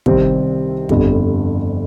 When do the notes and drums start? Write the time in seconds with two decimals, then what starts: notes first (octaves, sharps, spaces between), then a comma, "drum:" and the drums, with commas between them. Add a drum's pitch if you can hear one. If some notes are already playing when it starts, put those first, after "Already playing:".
0.06 C2 C3 D#3 G3 C4, drum: kick
0.89 G1 F2 D3 G3, drum: kick